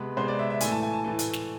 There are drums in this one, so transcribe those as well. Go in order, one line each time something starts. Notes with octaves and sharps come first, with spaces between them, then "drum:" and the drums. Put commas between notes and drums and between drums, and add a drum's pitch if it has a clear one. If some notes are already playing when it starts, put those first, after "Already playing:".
Already playing: C3 G#3 B3 B4
C3 G#3 B3 C5
D5
E5
E5
A2 E3 A3 G#5, drum: hi-hat
A5
G#5
A5
A2 E3 A3
drum: hi-hat
drum: snare